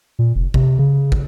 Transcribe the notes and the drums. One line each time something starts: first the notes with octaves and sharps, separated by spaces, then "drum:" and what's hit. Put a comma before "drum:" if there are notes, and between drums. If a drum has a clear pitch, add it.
A#2
F1
C3, drum: kick
C#3
drum: kick